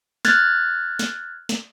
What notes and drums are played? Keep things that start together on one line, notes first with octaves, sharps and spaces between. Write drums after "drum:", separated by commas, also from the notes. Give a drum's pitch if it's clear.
F6 F#6 G#6 A6, drum: snare
drum: snare
drum: snare